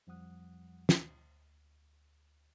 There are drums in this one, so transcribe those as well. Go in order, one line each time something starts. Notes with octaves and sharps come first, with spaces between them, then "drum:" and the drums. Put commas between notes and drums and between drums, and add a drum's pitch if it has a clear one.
F2 F3 G3 F#5 D#6 F#6
D2, drum: snare